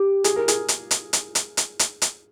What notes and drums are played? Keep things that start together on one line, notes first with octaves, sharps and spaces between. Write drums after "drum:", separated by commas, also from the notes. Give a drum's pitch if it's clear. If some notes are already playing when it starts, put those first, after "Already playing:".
Already playing: G4
G#4, drum: hi-hat
A#4
G#4, drum: hi-hat
drum: hi-hat
drum: hi-hat
drum: hi-hat
drum: hi-hat
drum: hi-hat
drum: hi-hat
drum: hi-hat